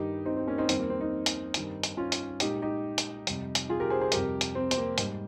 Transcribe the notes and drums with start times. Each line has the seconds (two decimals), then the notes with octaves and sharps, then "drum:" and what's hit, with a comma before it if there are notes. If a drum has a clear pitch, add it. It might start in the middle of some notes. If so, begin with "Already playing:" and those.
Already playing: G2 D#3 G3 D#4 G4
0.25 C4 D#4
0.37 C4
0.47 A#3 C#4
0.58 C4 D#4
0.69 F2 D#3 G3 C4, drum: hi-hat
0.80 A#3
0.90 C4
1.01 C4 D#4
1.26 drum: hi-hat
1.54 G2 D#3 G3, drum: hi-hat
1.83 drum: hi-hat
1.97 C#4 F4
2.12 drum: hi-hat
2.40 A#2 G#3 D#4 G4, drum: hi-hat
2.62 D#4 G4
2.98 drum: hi-hat
3.27 F2 C3 G3, drum: hi-hat
3.55 drum: hi-hat
3.69 F4 G#4
3.80 G4 A#4
3.90 G#4 C5
4.01 G#4 C5
4.12 F2 C3 G3 G4 A#4, drum: hi-hat
4.41 drum: hi-hat
4.55 C4
4.71 C4, drum: hi-hat
4.77 A#3
4.98 G#2 G3, drum: hi-hat